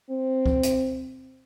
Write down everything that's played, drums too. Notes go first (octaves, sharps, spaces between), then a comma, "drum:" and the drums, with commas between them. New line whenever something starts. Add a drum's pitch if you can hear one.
C4
drum: kick C#2
drum: hi-hat